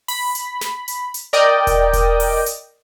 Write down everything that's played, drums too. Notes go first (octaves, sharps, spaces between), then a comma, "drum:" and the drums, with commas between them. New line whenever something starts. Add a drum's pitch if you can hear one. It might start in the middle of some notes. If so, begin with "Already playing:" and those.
B5, drum: open hi-hat
drum: hi-hat
drum: snare
drum: hi-hat
drum: hi-hat
A#4 D5 D#5 G5
drum: kick E1, hi-hat
drum: kick E1, hi-hat
drum: open hi-hat
drum: hi-hat